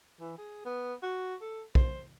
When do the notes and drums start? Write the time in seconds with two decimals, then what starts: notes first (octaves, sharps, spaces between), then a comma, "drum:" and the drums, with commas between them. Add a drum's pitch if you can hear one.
0.21 E3
0.38 G#4
0.65 B3
1.02 F#4
1.41 A4
1.75 C5, drum: kick